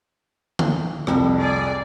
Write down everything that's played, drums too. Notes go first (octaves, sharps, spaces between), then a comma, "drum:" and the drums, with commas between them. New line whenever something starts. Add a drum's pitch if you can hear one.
drum: tom D3
C2 F2, drum: rim click
G#4 D5